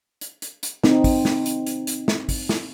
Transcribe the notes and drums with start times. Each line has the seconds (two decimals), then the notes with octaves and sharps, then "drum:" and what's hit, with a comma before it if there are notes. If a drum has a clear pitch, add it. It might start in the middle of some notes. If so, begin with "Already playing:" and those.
0.21 drum: hi-hat
0.42 drum: hi-hat
0.63 drum: hi-hat
0.84 C4 D#4, drum: snare
1.04 drum: kick, open hi-hat
1.25 drum: snare
1.46 drum: hi-hat
1.66 drum: hi-hat
1.87 drum: hi-hat
2.08 drum: snare
2.29 drum: kick, open hi-hat
2.49 drum: snare